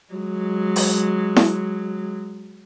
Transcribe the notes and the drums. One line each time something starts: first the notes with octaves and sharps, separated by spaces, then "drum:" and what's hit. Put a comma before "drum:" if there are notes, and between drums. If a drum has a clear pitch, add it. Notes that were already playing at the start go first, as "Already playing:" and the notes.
F#3 G#3
drum: open hi-hat
drum: snare E4